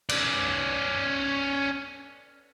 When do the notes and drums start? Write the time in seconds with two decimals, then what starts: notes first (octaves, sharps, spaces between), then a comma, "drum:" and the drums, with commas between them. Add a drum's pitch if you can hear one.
0.09 C#4 D5, drum: cymbal